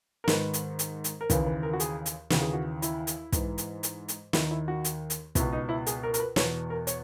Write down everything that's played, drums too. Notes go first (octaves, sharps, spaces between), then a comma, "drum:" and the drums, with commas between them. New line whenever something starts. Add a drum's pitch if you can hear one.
A#4
G#2 D#3 B4, drum: snare
drum: hi-hat
drum: hi-hat
drum: hi-hat
A#4
D#2 C#3 E3 B4, drum: kick, hi-hat
B4
A#4
F#4
G#4, drum: hi-hat
drum: hi-hat
D#2 C#3 E3 F#4, drum: snare
G#4
F#4
E4, drum: hi-hat
drum: hi-hat
G#2 E3, drum: kick, hi-hat
drum: hi-hat
drum: hi-hat
drum: hi-hat
D#2 D#3 E4, drum: snare
E4
F#4
drum: hi-hat
drum: hi-hat
C#2 B2 E4, drum: kick, hi-hat
D#4
E4
G#4, drum: hi-hat
A#4
A#4, drum: hi-hat
B4
E2 B2 C#5, drum: snare
A#4
C#5, drum: hi-hat